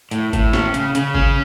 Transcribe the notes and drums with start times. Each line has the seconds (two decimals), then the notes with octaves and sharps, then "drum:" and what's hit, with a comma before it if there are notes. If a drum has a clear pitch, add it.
0.11 A2, drum: hi-hat
0.33 A2, drum: kick G#1, hi-hat
0.53 C#4, drum: snare
0.74 C#3, drum: hi-hat
0.95 C#3, drum: hi-hat
1.15 C#4, drum: kick G#1